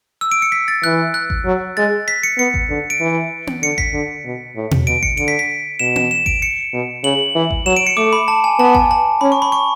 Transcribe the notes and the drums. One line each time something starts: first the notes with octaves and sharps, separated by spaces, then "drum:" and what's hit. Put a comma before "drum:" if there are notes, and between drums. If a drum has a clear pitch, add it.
E6
D7
C#7
B6
A6
E3 F#6
F#6
drum: kick G#1
F#3
G#3 A6
B6
C#7
B3 C#7
drum: kick G#1
D3
D7
E3
drum: tom B3
D3 C#7
B6, drum: kick G#1
D3
B2
A2
drum: tom B2
B2 D7
C#7, drum: kick G#1
D3 D7
B6
B6
B2 E7
E7, drum: tom B3
E7
D7, drum: kick G#1
C#7
B2
C#3 F#7
E3
drum: kick G#1
F#3 E7
D7
C#7
A3 D6
B5
A5
G#5
B3 A5
G#5, drum: kick G#1
A5
C#4 B5
C#6
B5
C#6